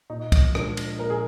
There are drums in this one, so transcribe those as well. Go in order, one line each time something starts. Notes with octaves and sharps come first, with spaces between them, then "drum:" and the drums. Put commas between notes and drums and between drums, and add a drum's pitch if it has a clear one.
A#2 D#4
drum: kick, cymbal
F3 G#3 D4 F4, drum: rim click
drum: cymbal
A#2 A#4
G#4